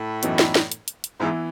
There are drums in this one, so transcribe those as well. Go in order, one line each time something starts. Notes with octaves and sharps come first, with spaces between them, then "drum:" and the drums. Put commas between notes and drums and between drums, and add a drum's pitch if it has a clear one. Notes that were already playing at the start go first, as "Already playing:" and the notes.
Already playing: A2
F#2 E3 B3 D#4 F#4, drum: hi-hat
drum: snare
drum: snare
drum: hi-hat
drum: hi-hat
drum: hi-hat
G#2 E3 B3 E4